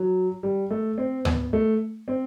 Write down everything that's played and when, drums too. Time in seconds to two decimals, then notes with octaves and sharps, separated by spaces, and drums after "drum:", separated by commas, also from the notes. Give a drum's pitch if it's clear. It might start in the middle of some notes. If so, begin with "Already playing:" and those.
Already playing: F#3
0.43 G3
0.70 A3
0.98 C4
1.25 B3, drum: tom D2
1.53 A3
2.08 C4